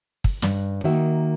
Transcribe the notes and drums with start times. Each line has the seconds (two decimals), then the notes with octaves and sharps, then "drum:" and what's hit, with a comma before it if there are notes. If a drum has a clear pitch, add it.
0.24 drum: kick
0.42 G2, drum: snare
0.84 D#3 A#3 F#4 E5